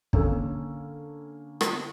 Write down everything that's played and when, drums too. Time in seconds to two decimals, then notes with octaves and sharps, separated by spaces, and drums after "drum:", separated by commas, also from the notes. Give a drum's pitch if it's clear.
0.13 D3 A#3 C#4 A4 E6, drum: kick
1.61 drum: rim click